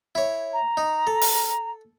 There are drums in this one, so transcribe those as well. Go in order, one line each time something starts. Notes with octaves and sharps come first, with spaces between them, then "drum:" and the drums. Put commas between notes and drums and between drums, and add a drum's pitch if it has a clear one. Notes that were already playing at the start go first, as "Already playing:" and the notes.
E4 C#5
A#5
D#4
A4
drum: open hi-hat